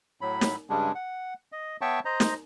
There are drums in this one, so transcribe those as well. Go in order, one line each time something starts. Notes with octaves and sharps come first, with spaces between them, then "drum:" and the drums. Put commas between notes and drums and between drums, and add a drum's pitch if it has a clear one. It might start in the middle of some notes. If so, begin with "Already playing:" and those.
A2 F#3 B5
drum: snare
G2 C#3 G3 G#3 D4
F#5
D#5
B3 C#5 E5 G5 A5 C#6
C5 D#5 A#5
drum: snare